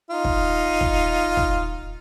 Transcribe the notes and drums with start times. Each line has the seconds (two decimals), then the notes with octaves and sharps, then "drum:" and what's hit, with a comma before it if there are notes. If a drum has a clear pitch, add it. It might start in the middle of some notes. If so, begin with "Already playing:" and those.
0.10 D#4 F4
0.24 drum: kick
0.81 drum: kick
1.37 drum: kick